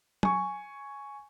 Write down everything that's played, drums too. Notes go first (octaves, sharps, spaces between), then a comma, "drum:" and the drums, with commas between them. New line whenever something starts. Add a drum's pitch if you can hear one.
G#5 C#6, drum: tom